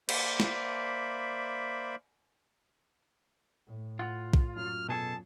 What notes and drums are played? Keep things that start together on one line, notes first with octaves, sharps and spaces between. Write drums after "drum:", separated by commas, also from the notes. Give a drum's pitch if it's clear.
A#3 C5 D5 E5 B5, drum: cymbal
drum: snare
A2
F4 F#5
drum: kick
F#2 A#2 F#3 F6
B2 G#4 A4 A5